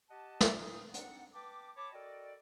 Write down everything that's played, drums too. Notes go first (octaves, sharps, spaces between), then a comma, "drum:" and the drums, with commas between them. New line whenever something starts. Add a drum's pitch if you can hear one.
G4 D#5 F#5 A5
drum: snare
A#2 G3 D#4 F4 D#6
C4 D4 D#4 F#5, drum: hi-hat
B4 G5 A5 D6
C#5 A5 B5 D6
F#4 A4 A#4 D5 D#5 G5